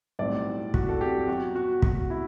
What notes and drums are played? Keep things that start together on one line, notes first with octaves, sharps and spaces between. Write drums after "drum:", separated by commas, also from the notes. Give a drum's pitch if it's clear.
B1 A2 G3 C4 D5
F#4, drum: kick
A4
G4
F#2 F#3 B3 F#4
F#4
F#4, drum: kick
E4